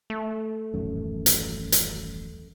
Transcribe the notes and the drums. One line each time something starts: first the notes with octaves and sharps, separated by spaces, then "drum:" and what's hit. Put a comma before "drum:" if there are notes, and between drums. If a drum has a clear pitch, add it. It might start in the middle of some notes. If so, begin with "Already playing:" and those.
A3
D#1 A1 F#2
drum: hi-hat
drum: hi-hat